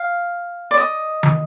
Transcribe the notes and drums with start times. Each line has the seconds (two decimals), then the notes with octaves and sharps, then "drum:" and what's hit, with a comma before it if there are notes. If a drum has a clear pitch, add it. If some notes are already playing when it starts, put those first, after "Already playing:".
Already playing: F5
0.71 D5
0.77 D#5
1.23 drum: tom D#3